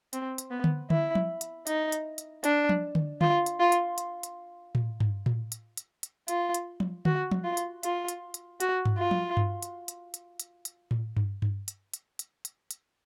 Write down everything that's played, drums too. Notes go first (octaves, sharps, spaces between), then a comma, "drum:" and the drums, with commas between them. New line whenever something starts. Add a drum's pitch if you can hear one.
C4, drum: hi-hat
drum: hi-hat
B3
drum: tom D3
E4, drum: tom D3
drum: tom F3
drum: hi-hat
D#4, drum: hi-hat
drum: hi-hat
drum: hi-hat
D4, drum: hi-hat
drum: tom F3
drum: tom D3
F4, drum: tom D3
drum: hi-hat
F4
drum: hi-hat
drum: hi-hat
drum: hi-hat
drum: tom A2
drum: tom G2
drum: tom A2
drum: hi-hat
drum: hi-hat
drum: hi-hat
F4, drum: hi-hat
drum: hi-hat
drum: tom F3
F#4, drum: tom D3
drum: tom F3
F4
drum: hi-hat
F4, drum: hi-hat
drum: hi-hat
drum: hi-hat
F#4, drum: hi-hat
drum: tom G2
F4
drum: tom F3
drum: tom G2
drum: hi-hat
drum: hi-hat
drum: hi-hat
drum: hi-hat
drum: hi-hat
drum: tom A2
drum: tom G2
drum: tom G2
drum: hi-hat
drum: hi-hat
drum: hi-hat
drum: hi-hat
drum: hi-hat